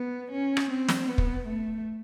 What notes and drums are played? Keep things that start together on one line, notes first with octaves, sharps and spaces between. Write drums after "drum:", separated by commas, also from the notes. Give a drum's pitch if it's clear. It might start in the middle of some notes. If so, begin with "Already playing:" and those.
Already playing: B3
C#4
drum: rim click
C4
drum: snare
B3
drum: kick
A3